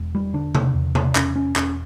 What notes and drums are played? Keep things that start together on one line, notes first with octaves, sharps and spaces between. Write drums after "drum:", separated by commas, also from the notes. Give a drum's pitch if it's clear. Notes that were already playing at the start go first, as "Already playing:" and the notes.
Already playing: E1
G3
D3 D4
drum: tom C3
E2
drum: tom C3
E1 C#4, drum: clap
C#4
E1 C#4, drum: clap